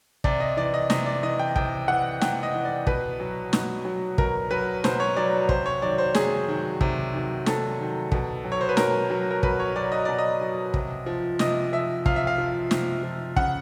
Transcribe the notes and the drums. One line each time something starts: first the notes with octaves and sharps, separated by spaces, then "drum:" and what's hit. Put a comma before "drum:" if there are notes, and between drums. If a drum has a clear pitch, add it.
C3 D5, drum: kick
D#5
E3 D5
D#5
C3 D#5, drum: snare
D5
E3 D#5
G5
C3 G5, drum: kick
E3 F#5
C3 G5, drum: snare
D#5
E3
D5
B2 B4, drum: kick
F#3
B2, drum: snare
F#3
B2 A#4, drum: kick
F#3 B4
B2 C5, drum: snare
C#5
F#3 D5
C3 C5, drum: kick
C#5
D#3 F#3 D5
C5
C3 G#4, drum: snare
D#3 F#3
C3, drum: kick
D#3 F#3
C3 A4, drum: snare
D#3 F#3
B2, drum: kick
F#3
C#5
C5
B4
B2 A#4, drum: snare
F#3
A#4
B2 B4, drum: kick
C#5
F#3 D5
D#5
B2 D5
D#5
F#3
C3, drum: kick
F3
C3 D#5, drum: snare
F3 E5
C3 F5, drum: kick
E5
F5
F3
C3, drum: snare
F3
C#3 F#5, drum: kick